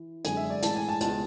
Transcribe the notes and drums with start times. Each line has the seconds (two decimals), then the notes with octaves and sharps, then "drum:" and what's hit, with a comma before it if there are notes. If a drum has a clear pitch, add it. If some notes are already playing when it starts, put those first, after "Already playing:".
Already playing: E3
0.25 F#2 D3 G#3 G#5, drum: hi-hat
0.37 E5
0.50 D5
0.63 A2 E3 G#3 A5, drum: hi-hat
0.76 G#5
0.89 A5
1.01 C#2 B2 G#3 A5, drum: hi-hat